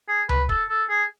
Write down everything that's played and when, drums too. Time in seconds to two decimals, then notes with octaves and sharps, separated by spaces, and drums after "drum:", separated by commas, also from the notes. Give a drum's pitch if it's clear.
0.08 G#4
0.29 B4, drum: tom C#2
0.49 A4, drum: kick
0.69 A4
0.89 G#4